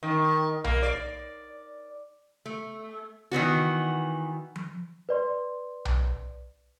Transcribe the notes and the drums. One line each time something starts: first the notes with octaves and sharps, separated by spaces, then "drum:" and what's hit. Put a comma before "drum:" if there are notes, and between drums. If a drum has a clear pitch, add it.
D#3
A#3, drum: tom B1
D5
A3
D#3 E3 B3 F#4
drum: tom F3
B4 D5 C6
drum: tom B1